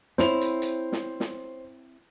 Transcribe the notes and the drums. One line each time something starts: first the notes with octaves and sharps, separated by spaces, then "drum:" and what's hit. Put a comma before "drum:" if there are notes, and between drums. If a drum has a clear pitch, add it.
C4 E4 C5 C#5 F7, drum: snare
drum: hi-hat
drum: hi-hat
drum: snare
drum: snare